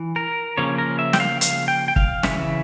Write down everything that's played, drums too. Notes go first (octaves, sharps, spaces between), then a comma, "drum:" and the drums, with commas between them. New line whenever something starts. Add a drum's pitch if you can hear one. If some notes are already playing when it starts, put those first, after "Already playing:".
Already playing: E3
A#4
C#3 F3 A#3 C#4 C#5
A#4
E5
G5, drum: snare
F5
F5, drum: hi-hat
G5
G5
F5, drum: kick
C#3 E3 A#3 C#4 E5, drum: snare